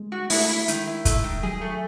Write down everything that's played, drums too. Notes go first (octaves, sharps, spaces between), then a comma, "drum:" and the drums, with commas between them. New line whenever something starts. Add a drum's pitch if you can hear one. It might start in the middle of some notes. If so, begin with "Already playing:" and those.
Already playing: G#3
F#4
A3 E4, drum: open hi-hat
E4
D#3 G#3, drum: hi-hat
E4
A3, drum: kick, hi-hat
D#3
F#3 G#4
A3